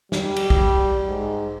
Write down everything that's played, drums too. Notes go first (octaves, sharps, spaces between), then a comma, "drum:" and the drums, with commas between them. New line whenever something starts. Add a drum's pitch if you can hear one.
G3, drum: snare
drum: cymbal
drum: kick
G#2